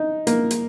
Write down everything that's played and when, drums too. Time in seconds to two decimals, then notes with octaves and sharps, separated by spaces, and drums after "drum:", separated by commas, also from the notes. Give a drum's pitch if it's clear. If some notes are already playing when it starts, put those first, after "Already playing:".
Already playing: D#4
0.27 A#3, drum: hi-hat
0.51 drum: hi-hat